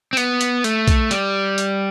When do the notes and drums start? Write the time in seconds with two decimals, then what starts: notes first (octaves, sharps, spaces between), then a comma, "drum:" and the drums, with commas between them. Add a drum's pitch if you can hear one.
0.13 C4
0.17 B3, drum: hi-hat
0.41 drum: hi-hat
0.64 A3, drum: hi-hat
0.88 drum: kick, hi-hat
1.11 G3, drum: hi-hat
1.58 drum: hi-hat